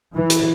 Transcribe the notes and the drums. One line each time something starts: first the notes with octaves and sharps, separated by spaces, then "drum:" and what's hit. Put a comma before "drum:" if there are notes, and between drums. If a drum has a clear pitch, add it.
E3
drum: hi-hat